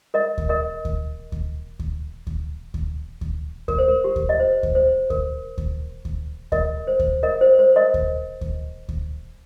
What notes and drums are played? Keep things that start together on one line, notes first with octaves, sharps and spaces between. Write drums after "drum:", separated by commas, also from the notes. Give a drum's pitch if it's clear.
A#4 D#5
drum: kick D2
A#4 D#5
drum: kick D2
drum: kick D2
drum: kick D2
drum: kick D2
drum: kick D2
drum: kick D2
A#4, drum: kick D2
C5
A#4
G4
drum: kick D2
D#5
C5
drum: kick D2
C5
A#4, drum: kick D2
drum: kick D2
drum: kick D2
A#4 D#5, drum: kick D2
C5
drum: kick D2
A#4 D#5
C5
C5
A#4 D#5
drum: kick D2
drum: kick D2
drum: kick D2